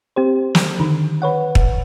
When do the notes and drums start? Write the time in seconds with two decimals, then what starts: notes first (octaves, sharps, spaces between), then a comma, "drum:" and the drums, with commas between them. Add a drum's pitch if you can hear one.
0.16 C4 G4 C5
0.55 drum: snare
0.80 D3 D#3
1.22 B4 C#5 F#5
1.55 drum: kick